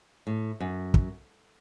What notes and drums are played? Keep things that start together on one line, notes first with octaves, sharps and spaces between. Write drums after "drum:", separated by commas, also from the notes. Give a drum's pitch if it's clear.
A2
F#2
drum: kick